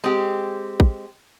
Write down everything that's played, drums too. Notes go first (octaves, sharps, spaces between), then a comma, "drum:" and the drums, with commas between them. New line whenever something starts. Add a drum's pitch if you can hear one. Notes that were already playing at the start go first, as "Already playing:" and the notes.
G#3 C4 G4
drum: kick